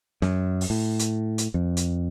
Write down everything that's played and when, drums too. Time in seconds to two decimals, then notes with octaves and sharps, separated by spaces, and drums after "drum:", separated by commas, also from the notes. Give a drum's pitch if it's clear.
0.22 F#2, drum: snare
0.61 drum: open hi-hat
0.70 A2
0.99 drum: hi-hat
1.38 drum: hi-hat
1.54 F2
1.77 drum: hi-hat